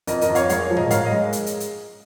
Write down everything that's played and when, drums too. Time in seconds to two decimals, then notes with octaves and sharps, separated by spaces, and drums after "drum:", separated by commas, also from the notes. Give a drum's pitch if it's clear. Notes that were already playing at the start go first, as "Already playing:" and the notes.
0.07 F2 A#4 D#5, drum: hi-hat
0.21 A#4 D#5, drum: hi-hat
0.29 F2
0.35 C#5 F5, drum: hi-hat
0.49 G#3 C#5 F5, drum: hi-hat
0.70 F3
0.77 A#4 D#5, drum: tom A2
0.91 G#2 C#5 F5, drum: hi-hat
1.05 A#4 D#5
1.11 G#3
1.33 drum: hi-hat
1.46 drum: hi-hat
1.60 drum: hi-hat